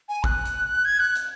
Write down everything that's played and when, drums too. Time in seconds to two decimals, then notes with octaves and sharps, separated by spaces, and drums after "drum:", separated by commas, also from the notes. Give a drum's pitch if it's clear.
0.09 G#5
0.24 F#6, drum: kick
0.45 drum: hi-hat
0.85 G#6
1.00 F#6
1.15 drum: hi-hat